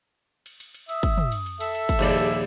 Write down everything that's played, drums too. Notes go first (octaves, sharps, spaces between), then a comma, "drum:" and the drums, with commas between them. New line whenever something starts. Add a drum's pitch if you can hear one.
drum: cymbal
drum: cymbal
drum: cymbal
E5 D#6, drum: cymbal
drum: kick, cymbal
drum: tom
drum: cymbal
drum: cymbal
A4 E5, drum: cymbal
drum: cymbal
drum: kick, cymbal
A#1 D#2 G3 G#4
drum: cymbal